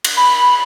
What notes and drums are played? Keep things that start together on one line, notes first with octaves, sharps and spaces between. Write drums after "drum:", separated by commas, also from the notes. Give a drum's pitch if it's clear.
drum: cymbal
B5